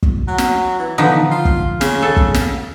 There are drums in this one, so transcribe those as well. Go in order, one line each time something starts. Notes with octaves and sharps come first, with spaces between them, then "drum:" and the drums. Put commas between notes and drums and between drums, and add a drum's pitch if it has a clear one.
drum: kick
F#3
drum: snare
E3
D3 F3 B3 D#4
F4
drum: kick
C#3, drum: snare
A4
drum: kick
drum: snare